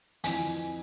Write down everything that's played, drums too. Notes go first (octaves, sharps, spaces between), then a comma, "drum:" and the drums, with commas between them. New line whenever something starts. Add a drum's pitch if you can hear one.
F2 E3 G#5, drum: hi-hat